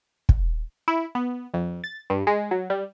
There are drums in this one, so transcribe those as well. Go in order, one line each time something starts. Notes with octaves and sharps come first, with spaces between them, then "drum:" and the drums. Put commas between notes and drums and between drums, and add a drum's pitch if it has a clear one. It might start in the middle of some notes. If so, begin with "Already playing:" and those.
drum: kick
E4
B3
F2
A6
G2
G#3
F#3
G3